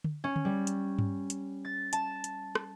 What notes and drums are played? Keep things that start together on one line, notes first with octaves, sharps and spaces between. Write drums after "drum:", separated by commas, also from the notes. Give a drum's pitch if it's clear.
drum: tom D3
C#4
drum: tom D3
G3
drum: hi-hat
drum: tom G2
drum: hi-hat
A6
A5, drum: hi-hat
drum: hi-hat
drum: rim click